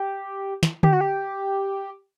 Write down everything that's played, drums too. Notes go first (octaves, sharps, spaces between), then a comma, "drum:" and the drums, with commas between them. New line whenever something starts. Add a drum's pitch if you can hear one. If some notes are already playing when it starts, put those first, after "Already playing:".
Already playing: G4
drum: snare
G4, drum: tom D3
F#4
G4